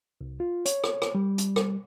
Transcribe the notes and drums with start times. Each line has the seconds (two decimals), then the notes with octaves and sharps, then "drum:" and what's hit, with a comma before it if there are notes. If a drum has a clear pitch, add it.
0.21 C2
0.40 F4
0.65 C#5, drum: hi-hat
0.84 drum: rim click
1.02 drum: rim click
1.15 G3
1.38 drum: hi-hat
1.56 drum: rim click